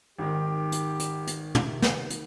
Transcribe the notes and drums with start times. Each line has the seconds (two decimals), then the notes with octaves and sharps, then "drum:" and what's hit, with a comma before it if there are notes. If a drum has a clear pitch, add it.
0.19 G#1 D#3 G4
0.72 drum: hi-hat
0.99 drum: hi-hat
1.27 drum: hi-hat
1.55 C3, drum: tom
1.82 drum: snare
2.10 drum: hi-hat